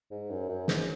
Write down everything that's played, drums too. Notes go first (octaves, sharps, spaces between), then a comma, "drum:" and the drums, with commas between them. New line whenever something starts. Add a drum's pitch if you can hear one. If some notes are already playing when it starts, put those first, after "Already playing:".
G#2
F#2
F#2
G#2, drum: snare